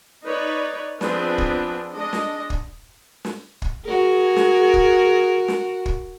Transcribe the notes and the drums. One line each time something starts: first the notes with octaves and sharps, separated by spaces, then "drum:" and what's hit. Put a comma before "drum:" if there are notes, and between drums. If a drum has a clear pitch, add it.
D#4 B4 C#5 D5
F3 B3 C4 D4 G#4 B4, drum: snare
drum: kick
G#3 D4 D#5
drum: snare
drum: kick
drum: snare
drum: kick
F#4 G#4 A#4
drum: snare
drum: kick
drum: snare
drum: kick